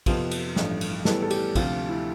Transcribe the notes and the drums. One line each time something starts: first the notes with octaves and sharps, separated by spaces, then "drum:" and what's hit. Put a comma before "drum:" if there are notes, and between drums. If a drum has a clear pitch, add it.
F2 C3 F3 B3 F4, drum: kick, cymbal
drum: cymbal
A1 G2 F3 A3, drum: snare
drum: cymbal
A2 E3 G3 B3 A4, drum: snare
A4
G4, drum: cymbal
D2 C3 F3 C4 F4, drum: kick, cymbal
E4